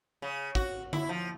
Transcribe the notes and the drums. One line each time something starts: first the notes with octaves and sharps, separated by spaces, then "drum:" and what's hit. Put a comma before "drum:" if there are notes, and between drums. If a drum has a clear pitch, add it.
C#3
F#4, drum: kick
E4, drum: tom D3
F3